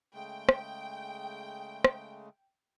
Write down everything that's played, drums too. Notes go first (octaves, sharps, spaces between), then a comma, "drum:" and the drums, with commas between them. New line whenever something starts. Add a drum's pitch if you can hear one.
C#3 G#3 A3 G5
drum: rim click
drum: rim click